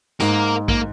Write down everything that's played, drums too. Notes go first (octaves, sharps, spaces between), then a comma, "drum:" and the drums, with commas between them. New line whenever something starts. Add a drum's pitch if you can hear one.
G#2 A#3, drum: hi-hat
A#3, drum: kick A#1